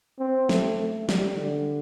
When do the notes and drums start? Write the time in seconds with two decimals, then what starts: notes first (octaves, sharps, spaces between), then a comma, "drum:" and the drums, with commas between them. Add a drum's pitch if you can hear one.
0.19 C4
0.49 A3, drum: snare
0.78 A3
1.09 G3, drum: snare
1.37 D3